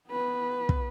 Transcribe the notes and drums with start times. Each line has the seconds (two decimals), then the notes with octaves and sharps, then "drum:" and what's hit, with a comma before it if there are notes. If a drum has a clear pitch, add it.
0.10 B3 B4
0.69 drum: kick